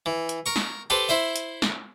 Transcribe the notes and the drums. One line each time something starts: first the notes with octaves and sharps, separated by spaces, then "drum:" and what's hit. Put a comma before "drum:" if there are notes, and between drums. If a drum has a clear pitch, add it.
E3
drum: hi-hat
A#4 C#6
drum: snare
G4 A4 B4 C5
E4 C5 E5
drum: hi-hat
drum: snare